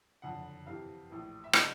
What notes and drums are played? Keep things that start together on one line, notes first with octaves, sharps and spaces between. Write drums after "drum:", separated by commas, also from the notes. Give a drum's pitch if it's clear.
F#1 F2 D3 F#5
F2 C3 E3 F5
A#1 A2 E3
E5
C#3 F#3 B3 D4 D#5, drum: rim click